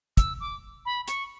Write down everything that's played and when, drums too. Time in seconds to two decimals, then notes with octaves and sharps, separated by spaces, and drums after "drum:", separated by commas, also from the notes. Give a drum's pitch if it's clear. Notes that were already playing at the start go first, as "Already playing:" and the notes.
0.17 E6, drum: kick, hi-hat
0.40 D6
0.86 B5
1.08 C#6, drum: hi-hat